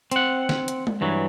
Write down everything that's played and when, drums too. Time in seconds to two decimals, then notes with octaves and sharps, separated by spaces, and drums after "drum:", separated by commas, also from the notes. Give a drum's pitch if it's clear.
0.12 C4 F#5, drum: hi-hat
0.49 drum: snare
0.68 drum: hi-hat
0.87 drum: tom G#3
1.01 G2 E3 F#3